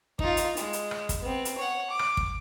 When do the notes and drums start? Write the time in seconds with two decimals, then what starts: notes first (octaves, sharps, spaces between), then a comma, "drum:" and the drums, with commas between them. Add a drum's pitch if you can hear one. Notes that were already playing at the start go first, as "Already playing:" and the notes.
0.19 D#4 F4, drum: kick
0.37 drum: hi-hat
0.57 G#3, drum: hi-hat
0.73 drum: hi-hat
0.91 drum: rim click
1.09 drum: kick, hi-hat
1.21 B3 C4
1.45 drum: hi-hat
1.58 C#5 F#5
1.90 D6
1.99 drum: rim click
2.17 drum: kick